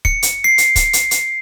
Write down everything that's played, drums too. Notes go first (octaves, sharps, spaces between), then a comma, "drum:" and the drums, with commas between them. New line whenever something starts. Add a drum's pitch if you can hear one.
C#7, drum: kick
drum: hi-hat
C7
drum: hi-hat
drum: kick, hi-hat
drum: hi-hat
drum: hi-hat